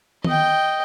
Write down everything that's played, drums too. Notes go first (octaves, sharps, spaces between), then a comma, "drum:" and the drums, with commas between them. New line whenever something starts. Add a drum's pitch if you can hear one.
D#5 G5, drum: tom D#3